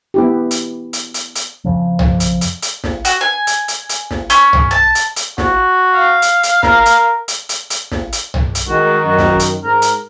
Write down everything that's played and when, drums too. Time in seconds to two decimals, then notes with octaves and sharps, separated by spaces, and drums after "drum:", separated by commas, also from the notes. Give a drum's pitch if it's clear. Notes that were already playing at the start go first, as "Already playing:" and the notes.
0.14 B3 E4 G4
0.51 drum: hi-hat
0.93 drum: hi-hat
1.14 drum: hi-hat
1.36 drum: hi-hat
1.64 F2 C#3 F3
1.99 drum: tom B1
2.20 drum: hi-hat
2.41 drum: hi-hat
2.62 drum: hi-hat
2.84 drum: snare
3.05 F#4, drum: hi-hat
3.21 G#5
3.47 drum: hi-hat
3.68 drum: hi-hat
3.89 drum: hi-hat
4.11 drum: snare
4.30 C#4, drum: hi-hat
4.53 drum: tom B1
4.71 A5
4.95 drum: hi-hat
5.16 drum: hi-hat
5.38 F#4, drum: snare
5.93 F5
6.22 drum: hi-hat
6.43 drum: hi-hat
6.63 A#4, drum: snare
6.86 drum: hi-hat
7.28 drum: hi-hat
7.49 drum: hi-hat
7.70 drum: hi-hat
7.92 drum: snare
8.13 drum: hi-hat
8.34 drum: tom B1
8.55 drum: hi-hat
8.68 D#3 G#3 F#4
9.05 F#2 F#4
9.19 drum: snare
9.40 drum: hi-hat
9.64 G#2 A#4
9.82 drum: hi-hat